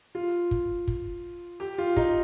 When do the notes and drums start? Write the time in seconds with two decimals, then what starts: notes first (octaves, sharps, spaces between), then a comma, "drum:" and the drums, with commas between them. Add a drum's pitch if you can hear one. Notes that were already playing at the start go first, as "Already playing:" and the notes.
0.15 F4
0.51 drum: kick
0.87 drum: kick
1.60 G4
1.78 F4
1.96 D#4, drum: kick